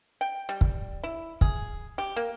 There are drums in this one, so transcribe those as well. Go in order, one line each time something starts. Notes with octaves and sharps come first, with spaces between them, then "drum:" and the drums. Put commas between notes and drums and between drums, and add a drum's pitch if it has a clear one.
G5
G3
drum: kick
E4
G#4, drum: kick
G4
A#3